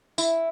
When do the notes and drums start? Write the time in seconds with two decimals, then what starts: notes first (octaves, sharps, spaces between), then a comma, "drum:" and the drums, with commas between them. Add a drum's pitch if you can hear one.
0.18 E4, drum: tambourine